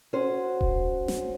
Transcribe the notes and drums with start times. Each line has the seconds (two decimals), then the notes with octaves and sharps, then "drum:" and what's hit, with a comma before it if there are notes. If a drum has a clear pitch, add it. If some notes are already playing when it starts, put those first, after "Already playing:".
0.13 C#4 F#4 C5
0.61 drum: kick D#1
1.08 drum: snare